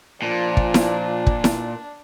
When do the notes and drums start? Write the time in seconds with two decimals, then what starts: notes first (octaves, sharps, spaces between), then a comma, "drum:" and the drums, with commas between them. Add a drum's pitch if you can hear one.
0.22 A#2 F3 D4
0.57 drum: kick
0.74 drum: snare E4
1.27 drum: kick
1.44 drum: snare E4